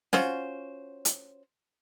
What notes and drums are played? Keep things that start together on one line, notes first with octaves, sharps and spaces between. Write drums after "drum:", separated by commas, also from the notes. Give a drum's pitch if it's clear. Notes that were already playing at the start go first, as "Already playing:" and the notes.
C#4 F4 F#4 C5, drum: snare
drum: hi-hat